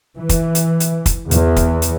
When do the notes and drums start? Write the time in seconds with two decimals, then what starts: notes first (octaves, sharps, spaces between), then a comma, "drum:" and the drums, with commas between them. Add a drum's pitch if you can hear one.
0.18 E3
0.29 drum: kick, hi-hat
0.55 drum: hi-hat
0.80 drum: hi-hat
1.06 drum: kick, hi-hat
1.31 E2, drum: hi-hat
1.56 drum: kick, hi-hat
1.82 drum: hi-hat